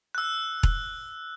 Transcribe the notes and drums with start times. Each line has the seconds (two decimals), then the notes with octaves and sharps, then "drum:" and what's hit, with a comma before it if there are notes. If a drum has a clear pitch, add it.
0.15 E6 F#6
0.63 drum: kick E1